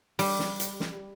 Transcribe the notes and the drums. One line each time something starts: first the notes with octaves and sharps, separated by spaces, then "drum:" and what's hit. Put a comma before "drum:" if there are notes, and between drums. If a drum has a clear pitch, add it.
G3, drum: open hi-hat
drum: snare
drum: hi-hat
drum: snare